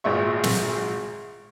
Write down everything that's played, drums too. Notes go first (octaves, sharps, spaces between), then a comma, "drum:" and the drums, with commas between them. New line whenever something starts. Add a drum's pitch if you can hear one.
G#1 A#2 G#3 E5 C#6
drum: snare